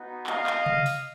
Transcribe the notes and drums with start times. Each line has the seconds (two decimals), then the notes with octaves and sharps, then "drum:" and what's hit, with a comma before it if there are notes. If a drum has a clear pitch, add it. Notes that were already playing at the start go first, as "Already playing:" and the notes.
Already playing: B3 D#4 F#4
0.26 D#5 F5, drum: clap
0.47 drum: clap
0.66 drum: tom C3
0.86 drum: open hi-hat